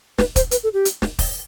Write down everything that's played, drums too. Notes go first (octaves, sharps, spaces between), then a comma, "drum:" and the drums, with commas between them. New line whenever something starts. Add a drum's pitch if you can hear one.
B4, drum: snare
C5, drum: kick, hi-hat
B4, drum: hi-hat
A4
G4
drum: hi-hat
drum: snare
drum: kick, open hi-hat